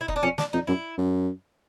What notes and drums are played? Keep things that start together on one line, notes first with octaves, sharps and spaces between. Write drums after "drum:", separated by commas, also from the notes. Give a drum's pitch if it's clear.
E4
D#4, drum: kick F1
D4
F2 C#4
D4, drum: snare
F2 D#4
F#2 E4
F#2